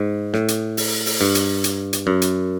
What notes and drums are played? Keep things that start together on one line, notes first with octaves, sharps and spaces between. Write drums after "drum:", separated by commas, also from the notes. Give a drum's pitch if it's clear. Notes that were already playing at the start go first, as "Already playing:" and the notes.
Already playing: G#2
A2, drum: snare
drum: hi-hat
drum: open hi-hat
drum: open hi-hat
G2
drum: hi-hat
drum: hi-hat
drum: hi-hat
F#2
drum: hi-hat